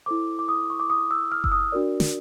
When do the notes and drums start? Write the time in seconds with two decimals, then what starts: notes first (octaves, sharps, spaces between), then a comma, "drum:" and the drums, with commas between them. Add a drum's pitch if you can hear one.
0.06 E4 A4 C5 D6
0.39 D6
0.48 D#6
0.70 C#6
0.80 D6
0.90 D#6
1.11 E6
1.32 F6
1.44 E6, drum: kick F#1
1.52 D#6
1.72 D4 F#4 A#4 D5
2.00 drum: snare